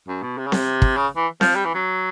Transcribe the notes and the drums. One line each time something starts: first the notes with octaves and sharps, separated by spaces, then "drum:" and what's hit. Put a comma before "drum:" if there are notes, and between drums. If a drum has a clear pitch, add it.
F#2
B2
C3
C#3
C3, drum: snare C4
drum: kick
C#3
E3
F3, drum: snare C4
G3
E3
F#3